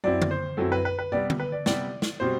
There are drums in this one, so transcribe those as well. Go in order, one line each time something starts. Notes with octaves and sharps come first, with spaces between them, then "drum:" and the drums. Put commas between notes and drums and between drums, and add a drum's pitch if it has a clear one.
F#2 F#3 C4 E4 D5
drum: tom D3
C5
F#2 F#3 C4 E4 A4
B4
B4
B4
C3 G3 B3 D5
drum: tom D3
B4
D5
C3 G3 B3 D5, drum: snare
drum: snare
B2 G3 C4 C5